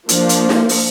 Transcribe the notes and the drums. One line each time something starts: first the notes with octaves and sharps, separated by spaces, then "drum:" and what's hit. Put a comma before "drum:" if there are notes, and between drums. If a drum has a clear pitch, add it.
F3 A#3 D4, drum: hi-hat
drum: hi-hat
drum: snare
drum: open hi-hat